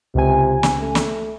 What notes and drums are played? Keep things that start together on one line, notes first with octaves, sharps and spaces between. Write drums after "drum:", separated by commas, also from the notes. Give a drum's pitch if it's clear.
C#2 C3 G#5
drum: snare
A3
drum: snare